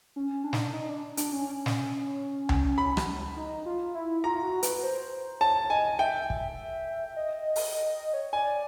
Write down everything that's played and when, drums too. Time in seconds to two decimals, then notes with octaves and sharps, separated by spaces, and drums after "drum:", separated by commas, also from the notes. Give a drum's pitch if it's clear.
0.16 C#4
0.44 D4
0.53 D#4, drum: snare
0.60 D4
0.73 D#4
0.89 D4
1.17 D4, drum: hi-hat
1.33 C#4
1.66 drum: snare
2.49 drum: tom C#2
2.78 B5
2.97 drum: rim click
3.37 D#4
3.66 F4
3.94 E4
4.24 F4 A#5
4.43 F#4
4.63 B4, drum: hi-hat
4.83 C5
5.40 C#5 A5
5.70 D#5 G#5
5.99 E5 G5
6.30 drum: kick
7.16 D#5
7.35 D#5
7.56 D#5, drum: open hi-hat
7.74 D#5
7.94 D#5
8.14 C#5
8.33 D5 G#5